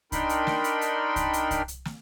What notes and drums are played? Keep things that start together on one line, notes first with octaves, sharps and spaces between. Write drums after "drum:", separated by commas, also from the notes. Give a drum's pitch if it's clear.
D4 D#4 A#4 G5 B5 C6, drum: kick C2, hi-hat
drum: hi-hat
drum: snare
drum: hi-hat
drum: hi-hat
drum: kick C2, hi-hat
drum: hi-hat
drum: kick C2, hi-hat
drum: hi-hat
drum: snare